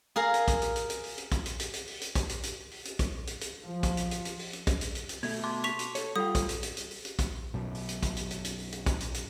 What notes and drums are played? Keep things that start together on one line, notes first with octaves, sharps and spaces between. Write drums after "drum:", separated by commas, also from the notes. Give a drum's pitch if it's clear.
G#4 A#4 F5 A#5
drum: hi-hat
drum: kick, hi-hat
drum: hi-hat
drum: hi-hat
drum: hi-hat
drum: open hi-hat
drum: hi-hat
drum: kick, hi-hat
drum: hi-hat
drum: hi-hat
drum: hi-hat
drum: open hi-hat
drum: hi-hat
drum: kick, hi-hat
drum: hi-hat
drum: hi-hat
drum: open hi-hat
drum: hi-hat
drum: kick, hi-hat
drum: hi-hat
drum: hi-hat
F3
drum: kick, hi-hat
drum: hi-hat
drum: hi-hat
drum: hi-hat
drum: open hi-hat
drum: hi-hat
drum: kick, hi-hat
drum: hi-hat
drum: hi-hat
drum: hi-hat
B2 A3 G#6, drum: open hi-hat
A5 C6 D6
C#6 B6 F7, drum: hi-hat
drum: hi-hat
A4 C#5, drum: hi-hat
G3 F4 A4 G5 D#6
drum: kick, hi-hat
drum: hi-hat
drum: hi-hat
drum: hi-hat
drum: open hi-hat
drum: hi-hat
drum: kick, hi-hat
B1 F#2 B2
drum: open hi-hat
drum: hi-hat
drum: kick, hi-hat
drum: hi-hat
drum: hi-hat
drum: hi-hat
drum: open hi-hat
drum: hi-hat
drum: kick, hi-hat
drum: hi-hat
drum: hi-hat